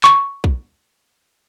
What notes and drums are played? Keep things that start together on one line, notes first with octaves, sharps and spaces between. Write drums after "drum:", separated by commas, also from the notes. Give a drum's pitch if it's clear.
C#6, drum: clap
drum: kick